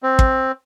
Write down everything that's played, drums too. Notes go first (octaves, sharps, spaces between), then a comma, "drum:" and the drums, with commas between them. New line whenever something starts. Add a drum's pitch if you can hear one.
C4
drum: kick